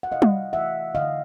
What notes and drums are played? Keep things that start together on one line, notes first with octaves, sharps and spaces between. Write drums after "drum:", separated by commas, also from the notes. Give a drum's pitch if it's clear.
F#5
C3 D#5 F5
drum: tom G3
E3 A3 E5 F#5
D3 D#5 F5